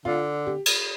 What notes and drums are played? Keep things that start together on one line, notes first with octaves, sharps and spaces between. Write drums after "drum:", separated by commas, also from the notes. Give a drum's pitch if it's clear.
D3 F4
G4
drum: cymbal